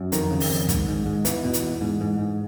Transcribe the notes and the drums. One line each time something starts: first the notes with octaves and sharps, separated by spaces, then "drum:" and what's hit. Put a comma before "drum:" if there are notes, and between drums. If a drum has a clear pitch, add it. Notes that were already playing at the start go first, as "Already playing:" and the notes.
Already playing: F#2
F2 D#3, drum: hi-hat
C#3
drum: open hi-hat
F2
G#2, drum: kick, hi-hat
G#2
G#2
E2 E3, drum: hi-hat
B2
drum: hi-hat
E2
G#2
G#2
G#2